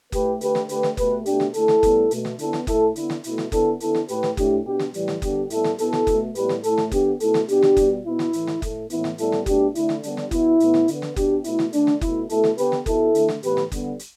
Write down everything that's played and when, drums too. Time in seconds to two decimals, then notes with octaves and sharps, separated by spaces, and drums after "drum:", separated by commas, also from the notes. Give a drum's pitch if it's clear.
0.12 A2 A3 G4 B4, drum: kick F#1, hi-hat
0.41 D3 A3 G4 B4, drum: hi-hat
0.55 drum: snare
0.69 D3 A3 G4 B4, drum: hi-hat
0.83 drum: snare
0.97 B2 A3 G4 B4, drum: kick F#1, hi-hat
1.26 B2 A3 D4 G4, drum: hi-hat
1.40 drum: snare
1.54 D3 A3 E4 A4, drum: hi-hat
1.68 drum: snare
1.83 A2 G3 B3, drum: kick F#1, hi-hat
2.11 B2 A3, drum: hi-hat
2.25 drum: snare
2.39 D3 B3 E4 A4, drum: hi-hat
2.53 drum: snare
2.67 A2 A3 E4 A4, drum: kick F#1, hi-hat
2.96 D3 B3 E4, drum: hi-hat
3.10 drum: snare
3.24 B2 A3 E4, drum: hi-hat
3.38 drum: snare
3.52 D3 B3 E4 A4, drum: kick F#1, hi-hat
3.80 D3 B3 E4 A4, drum: hi-hat
3.95 drum: snare
4.08 A2 A3 G4 B4, drum: hi-hat
4.23 drum: snare
4.37 A2 A3 D4 G4, drum: kick F#1, hi-hat
4.65 B2 B3 D4 G4
4.80 drum: snare
4.94 A2 E3 G3, drum: hi-hat
5.08 drum: snare
5.22 D3 G3 B3 D4 G4, drum: kick F#1, hi-hat
5.50 A2 G3 B3 E4 A4, drum: hi-hat
5.64 drum: snare
5.78 B2 B3 E4 A4, drum: hi-hat
5.93 drum: snare
6.07 B2 A3, drum: kick F#1, hi-hat
6.35 A2 G3 B3 G4 B4, drum: hi-hat
6.49 drum: snare
6.63 A2 A3 E4 A4, drum: hi-hat
6.78 drum: snare
6.91 D3 B3 D4 G4, drum: kick F#1, hi-hat
7.20 B2 A3 E4 A4, drum: hi-hat
7.34 drum: snare
7.48 B2 B3 D4 G4, drum: hi-hat
7.63 drum: snare
7.77 B2 G3 B3, drum: kick F#1, hi-hat
8.05 B2 B3 E4
8.19 drum: snare
8.33 A2 E3 A3, drum: hi-hat
8.47 drum: snare
8.62 A2 A3, drum: kick F#1, hi-hat
8.90 A2 E3 B3 E4, drum: hi-hat
9.04 drum: snare
9.18 A2 G3 B3 E4 A4, drum: hi-hat
9.32 drum: snare
9.46 B2 A3 D4 G4, drum: kick F#1, hi-hat
9.75 D3 A3 E4, drum: hi-hat
9.89 drum: snare
10.03 D3 G3 B3 D4, drum: hi-hat
10.17 drum: snare
10.31 B2 B3 E4, drum: kick F#1, hi-hat
10.60 A2 E3 B3, drum: hi-hat
10.74 drum: snare
10.88 D3 B3, drum: hi-hat
11.02 drum: snare
11.16 B2 B3 D4 G4, drum: kick F#1, hi-hat
11.44 B2 A3 E4, drum: hi-hat
11.59 drum: snare
11.73 D3 A3 D4, drum: hi-hat
11.87 drum: snare
12.01 B2 A3 E4, drum: kick F#1, hi-hat
12.29 B2 A3 E4 A4, drum: hi-hat
12.44 drum: snare
12.58 D3 B3 G4 B4, drum: hi-hat
12.72 drum: snare
12.86 B2 B3 E4 A4, drum: kick F#1, hi-hat
13.15 D3 A3, drum: hi-hat
13.29 drum: snare
13.43 A2 E3 B3 G4 B4, drum: hi-hat
13.57 drum: snare
13.72 D3 G3 B3, drum: kick F#1, hi-hat
13.99 drum: hi-hat